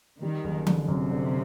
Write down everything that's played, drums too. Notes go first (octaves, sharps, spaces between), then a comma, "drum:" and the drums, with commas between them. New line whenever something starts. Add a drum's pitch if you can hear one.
D#3 G3
F#1
D3, drum: tom E3
F#2 C3
D3